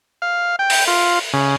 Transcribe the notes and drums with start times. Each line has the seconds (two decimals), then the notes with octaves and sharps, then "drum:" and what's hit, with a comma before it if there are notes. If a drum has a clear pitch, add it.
0.22 F5
0.59 G5
0.70 drum: open hi-hat
0.87 F4
1.33 C#3